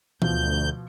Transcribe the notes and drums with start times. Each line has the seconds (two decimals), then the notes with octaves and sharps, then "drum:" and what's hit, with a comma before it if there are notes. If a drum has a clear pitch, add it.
0.22 D2 B2 F3 G6, drum: tom E3